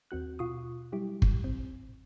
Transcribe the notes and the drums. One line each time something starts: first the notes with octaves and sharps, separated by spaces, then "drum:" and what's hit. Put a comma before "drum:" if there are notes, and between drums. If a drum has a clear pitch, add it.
D#2 C4 F#4 F#6
B2 F4 C#6 D#6
F#3 G3 E4 G4
drum: kick
C4